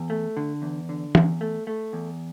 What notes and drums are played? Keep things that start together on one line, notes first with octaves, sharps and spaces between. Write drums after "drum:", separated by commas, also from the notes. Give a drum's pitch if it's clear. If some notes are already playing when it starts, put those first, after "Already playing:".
Already playing: E2
A3
D3
E2
D3
E2, drum: tom
A3
A3
E2